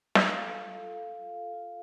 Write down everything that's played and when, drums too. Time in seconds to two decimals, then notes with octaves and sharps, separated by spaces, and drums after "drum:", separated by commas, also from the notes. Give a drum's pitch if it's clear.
0.15 F5, drum: snare
0.35 A4
0.55 F4
0.75 A4
0.95 F5
1.14 F4
1.34 F5
1.53 F4